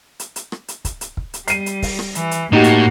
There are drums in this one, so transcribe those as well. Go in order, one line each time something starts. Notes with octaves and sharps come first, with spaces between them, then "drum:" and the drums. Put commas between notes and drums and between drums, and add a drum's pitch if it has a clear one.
drum: hi-hat
drum: hi-hat
drum: rim click
drum: hi-hat
drum: kick, hi-hat
drum: hi-hat
drum: kick
drum: hi-hat
G3 C7 D#7, drum: hi-hat
drum: hi-hat
drum: kick, open hi-hat
drum: rim click
E3, drum: hi-hat
drum: hi-hat
A2 A#3 D#4 F#4 G4
drum: hi-hat